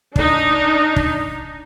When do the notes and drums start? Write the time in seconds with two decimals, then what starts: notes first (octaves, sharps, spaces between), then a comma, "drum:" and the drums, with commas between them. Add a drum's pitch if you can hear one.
0.16 D4 D#4, drum: kick
0.96 drum: kick